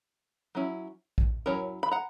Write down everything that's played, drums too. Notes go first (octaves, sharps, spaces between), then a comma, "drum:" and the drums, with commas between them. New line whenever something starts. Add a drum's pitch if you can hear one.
F#3 C#4 E4
drum: kick A#1
F#3 C#4 E4 A#4 C#5
B5
F#5 A#5